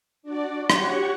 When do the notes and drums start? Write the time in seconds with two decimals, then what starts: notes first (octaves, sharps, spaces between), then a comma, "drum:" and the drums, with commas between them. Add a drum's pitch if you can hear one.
0.23 D4 F#4 D5
0.70 F#4 G4 C#5 F#5 C#6, drum: rim click